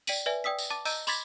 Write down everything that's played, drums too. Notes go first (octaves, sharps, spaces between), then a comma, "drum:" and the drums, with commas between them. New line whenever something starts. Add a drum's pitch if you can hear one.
D5 G5 B6 D7 D#7 F#7, drum: tambourine
B4 D5 E5 G#5
D5 G5 D#6 E6 B6
drum: tambourine
A5 D6 A6
D#5 A#5 E6 G6 D7 D#7, drum: tambourine
B5 C6 D6 G#6 A6 B6, drum: tambourine